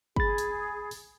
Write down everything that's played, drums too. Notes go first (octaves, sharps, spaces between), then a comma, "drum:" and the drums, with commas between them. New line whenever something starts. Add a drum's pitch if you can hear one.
G#4 B5 A6, drum: kick
drum: hi-hat
drum: open hi-hat